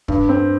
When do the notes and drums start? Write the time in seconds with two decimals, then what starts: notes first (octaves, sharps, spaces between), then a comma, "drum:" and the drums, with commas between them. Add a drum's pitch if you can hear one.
0.08 G2, drum: kick
0.29 C4